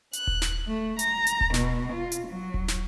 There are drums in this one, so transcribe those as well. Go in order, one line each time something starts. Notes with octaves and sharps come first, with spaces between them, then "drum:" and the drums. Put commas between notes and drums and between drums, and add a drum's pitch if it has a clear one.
F#6, drum: hi-hat
drum: kick D#1
drum: snare
A3
A#5, drum: hi-hat
drum: hi-hat
drum: kick D#1
B2, drum: snare
F4
drum: hi-hat
F#3
drum: kick D#1
drum: snare